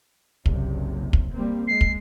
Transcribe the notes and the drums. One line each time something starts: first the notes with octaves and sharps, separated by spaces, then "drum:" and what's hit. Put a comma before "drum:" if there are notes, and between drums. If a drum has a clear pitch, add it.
F#1 C2 C3, drum: kick
drum: kick
G3 A#3 C4
G#3 C7
drum: kick